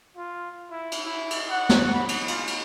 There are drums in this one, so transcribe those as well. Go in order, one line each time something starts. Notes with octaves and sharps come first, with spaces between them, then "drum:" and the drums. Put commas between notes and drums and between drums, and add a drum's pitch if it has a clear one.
F4
E4
drum: cymbal
E4
drum: cymbal
F#5
drum: snare
B5
drum: cymbal
F4, drum: cymbal
drum: cymbal